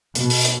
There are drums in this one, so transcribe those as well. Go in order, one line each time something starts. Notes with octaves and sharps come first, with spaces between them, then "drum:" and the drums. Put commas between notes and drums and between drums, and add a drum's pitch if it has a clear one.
B2, drum: hi-hat
drum: open hi-hat
drum: hi-hat